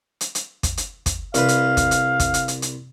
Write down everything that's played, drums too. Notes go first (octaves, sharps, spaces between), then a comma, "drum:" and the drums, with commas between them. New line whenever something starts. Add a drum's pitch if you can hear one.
drum: hi-hat
drum: hi-hat
drum: kick, hi-hat
drum: hi-hat
drum: kick, hi-hat
C2 B4 F5, drum: hi-hat
drum: hi-hat
drum: kick, hi-hat
drum: hi-hat
drum: kick, hi-hat
drum: hi-hat
drum: hi-hat
drum: hi-hat